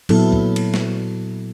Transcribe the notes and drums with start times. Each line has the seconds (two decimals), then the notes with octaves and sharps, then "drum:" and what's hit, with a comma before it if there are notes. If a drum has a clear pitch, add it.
0.09 A#2 F#3 B3 E4 A4, drum: cymbal
0.32 drum: kick
0.56 drum: cymbal
0.74 drum: snare